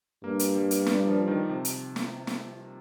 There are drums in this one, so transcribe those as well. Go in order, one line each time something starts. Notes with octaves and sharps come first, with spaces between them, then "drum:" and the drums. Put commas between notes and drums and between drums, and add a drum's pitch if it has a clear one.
G2 A#3
drum: hi-hat
G3
drum: hi-hat
G3, drum: snare
F3
D#3
C3
drum: hi-hat
drum: snare
drum: snare